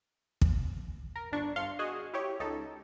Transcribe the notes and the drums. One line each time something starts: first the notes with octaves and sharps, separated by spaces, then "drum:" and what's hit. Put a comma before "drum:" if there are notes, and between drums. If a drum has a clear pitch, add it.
drum: kick
A#4
G1 D4 C#6
G1 F5 C6 C7 C#7
F#4 G#4 D#5
E4 G4 C#5
C#2 D#4 A4